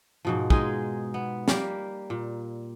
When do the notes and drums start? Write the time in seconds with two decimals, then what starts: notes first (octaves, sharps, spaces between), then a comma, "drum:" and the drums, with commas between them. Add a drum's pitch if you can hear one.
0.25 G#2 B2 F3
0.50 G#3 D#4 F4 G#4, drum: kick
1.14 B3
1.48 G3 A#3 G4 A#4, drum: snare
2.10 A#2